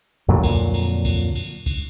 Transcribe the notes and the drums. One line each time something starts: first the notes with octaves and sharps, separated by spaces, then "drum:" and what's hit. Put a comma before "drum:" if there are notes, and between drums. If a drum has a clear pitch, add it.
F2 A#2 D3 F#3
drum: kick C2, cymbal
drum: cymbal
drum: kick C2, cymbal
drum: cymbal
drum: kick C2, cymbal